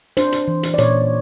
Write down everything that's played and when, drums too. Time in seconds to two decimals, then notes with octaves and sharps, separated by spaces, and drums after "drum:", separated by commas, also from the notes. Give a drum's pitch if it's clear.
0.17 D4 C5, drum: hi-hat
0.32 drum: hi-hat
0.48 E3
0.63 drum: hi-hat
0.74 D5
0.78 A#2 C#5, drum: hi-hat